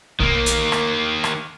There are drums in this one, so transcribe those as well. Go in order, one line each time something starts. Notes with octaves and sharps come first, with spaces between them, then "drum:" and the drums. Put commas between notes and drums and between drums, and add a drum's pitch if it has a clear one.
D#3 A#3, drum: kick
drum: hi-hat
drum: rim click
drum: rim click